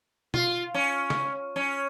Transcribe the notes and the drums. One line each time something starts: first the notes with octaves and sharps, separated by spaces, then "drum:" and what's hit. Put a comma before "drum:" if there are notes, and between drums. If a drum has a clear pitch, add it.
F4, drum: tom
C#4
drum: snare
C#4